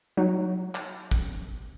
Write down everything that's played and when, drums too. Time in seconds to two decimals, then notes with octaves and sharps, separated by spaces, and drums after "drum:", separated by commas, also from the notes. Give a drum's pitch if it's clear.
0.17 F#3 D#4
0.75 drum: clap
1.11 drum: kick